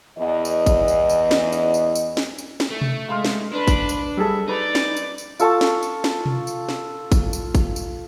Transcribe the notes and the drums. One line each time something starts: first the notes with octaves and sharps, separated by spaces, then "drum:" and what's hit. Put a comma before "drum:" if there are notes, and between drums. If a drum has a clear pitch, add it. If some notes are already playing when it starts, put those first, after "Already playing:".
E2 D#5
drum: tambourine
drum: kick G#1, tambourine
drum: tambourine
drum: tambourine
drum: snare
drum: tambourine
drum: tambourine
drum: tambourine
drum: snare
drum: tambourine
drum: snare
A3
drum: tom B2
G#3 F5 C6 F6
drum: snare
D4 B4 B5
drum: kick G#1, tambourine
drum: tambourine
G3 G#4 A4 E5
D#4 B4 D5 B5
drum: snare
drum: tambourine
drum: tambourine
F4 A4 A5 C#6, drum: tambourine
drum: snare
drum: tambourine
drum: snare
drum: tom B2
drum: tambourine
drum: snare
drum: kick G#1, tambourine
drum: tambourine
drum: kick G#1, tambourine
drum: tambourine